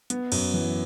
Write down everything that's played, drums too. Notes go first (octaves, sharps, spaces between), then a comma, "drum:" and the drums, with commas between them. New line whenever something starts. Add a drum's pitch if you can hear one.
B3, drum: hi-hat
F#2, drum: cymbal
E3